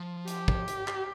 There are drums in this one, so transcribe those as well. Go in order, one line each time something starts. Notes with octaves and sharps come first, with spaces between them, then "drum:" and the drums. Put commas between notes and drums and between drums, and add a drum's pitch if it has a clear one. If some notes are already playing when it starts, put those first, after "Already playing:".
Already playing: F3
G4, drum: hi-hat
drum: kick
drum: hi-hat
drum: clap